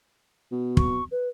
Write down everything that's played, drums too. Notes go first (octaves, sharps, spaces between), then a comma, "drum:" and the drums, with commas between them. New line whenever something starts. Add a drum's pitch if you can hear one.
B2
C#6, drum: kick
B4